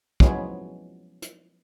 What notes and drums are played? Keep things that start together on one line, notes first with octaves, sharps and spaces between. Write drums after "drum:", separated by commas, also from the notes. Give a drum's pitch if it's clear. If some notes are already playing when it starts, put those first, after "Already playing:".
F3 F#3 G#3 B3 C#4 E4, drum: kick
drum: hi-hat